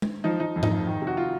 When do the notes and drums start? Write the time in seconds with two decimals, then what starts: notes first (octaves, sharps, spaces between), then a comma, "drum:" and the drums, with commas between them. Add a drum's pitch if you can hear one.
0.02 drum: tom G#3
0.24 F3 D#4
0.40 F3 D#4
0.56 F2
0.63 D#4, drum: tom G#2
0.71 F3
0.87 D#3
1.02 C3
1.07 F#4
1.17 F4